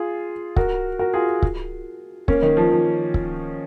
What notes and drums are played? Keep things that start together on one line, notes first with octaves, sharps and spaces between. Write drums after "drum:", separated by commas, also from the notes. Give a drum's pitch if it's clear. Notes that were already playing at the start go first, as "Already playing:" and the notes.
Already playing: F4 G#4
F#4 A#4, drum: kick C#1
F#4 A#4
F4 G#4
drum: kick C#1
A#3 C#4, drum: kick C#1
D#3
F3
F3
drum: kick C#1